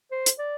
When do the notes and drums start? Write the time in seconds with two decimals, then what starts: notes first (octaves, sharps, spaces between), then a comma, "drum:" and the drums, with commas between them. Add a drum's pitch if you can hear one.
0.11 C5
0.26 drum: hi-hat
0.39 D5